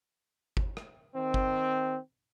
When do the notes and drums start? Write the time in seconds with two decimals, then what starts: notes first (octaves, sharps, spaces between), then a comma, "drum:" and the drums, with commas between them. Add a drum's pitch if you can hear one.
0.57 drum: kick G1
0.77 drum: rim click
1.14 D#3 C4
1.34 drum: kick G1